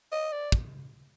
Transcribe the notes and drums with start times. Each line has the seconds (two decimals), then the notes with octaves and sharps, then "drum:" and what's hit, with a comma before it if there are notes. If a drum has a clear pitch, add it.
0.12 D#5
0.32 D5
0.52 drum: kick